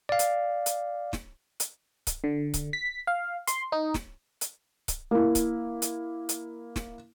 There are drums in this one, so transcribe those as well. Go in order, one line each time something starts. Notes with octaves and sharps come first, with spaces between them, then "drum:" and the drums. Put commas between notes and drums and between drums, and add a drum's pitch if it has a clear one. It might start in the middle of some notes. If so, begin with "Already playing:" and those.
D5 F5
drum: hi-hat
drum: hi-hat
drum: snare
drum: hi-hat
drum: kick C#1, hi-hat
D3
drum: kick C#1, hi-hat
B6
F5
C6, drum: hi-hat
D#4
drum: snare
drum: hi-hat
drum: kick C#1, hi-hat
A#3 E4
drum: kick C#1, hi-hat
drum: hi-hat
drum: hi-hat
drum: snare